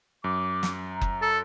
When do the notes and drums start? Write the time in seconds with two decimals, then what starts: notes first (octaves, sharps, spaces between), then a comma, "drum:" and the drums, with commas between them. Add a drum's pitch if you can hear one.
0.24 F#2 D6
0.63 drum: snare
0.92 A#5
1.01 drum: kick F#1
1.22 A4